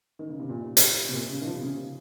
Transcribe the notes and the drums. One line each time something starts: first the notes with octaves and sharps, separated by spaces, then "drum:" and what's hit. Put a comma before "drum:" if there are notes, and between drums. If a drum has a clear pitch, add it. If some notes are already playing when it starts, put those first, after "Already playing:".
D#3
C#3
C3
A#2
drum: hi-hat
C3
A#2
C#3
D#3
F3
C3
C#3
C#3